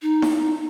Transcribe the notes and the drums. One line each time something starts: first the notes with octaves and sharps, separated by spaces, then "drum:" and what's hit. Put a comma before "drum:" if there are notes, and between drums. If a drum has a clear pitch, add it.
D#4
drum: snare E4